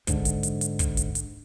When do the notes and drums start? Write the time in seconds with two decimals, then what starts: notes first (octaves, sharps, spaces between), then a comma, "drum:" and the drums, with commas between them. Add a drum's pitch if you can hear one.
0.07 G#2 D3, drum: kick, hi-hat
0.25 drum: hi-hat
0.43 drum: hi-hat
0.61 drum: hi-hat
0.79 drum: kick, hi-hat
0.97 drum: hi-hat
1.15 drum: hi-hat